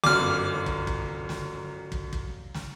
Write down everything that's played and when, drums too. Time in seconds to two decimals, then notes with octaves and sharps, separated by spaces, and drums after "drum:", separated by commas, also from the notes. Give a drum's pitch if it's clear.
0.04 G1 F#2 D6 F6, drum: snare
0.66 drum: kick
0.87 drum: kick
1.29 drum: snare
1.92 drum: kick
2.13 drum: kick
2.54 drum: snare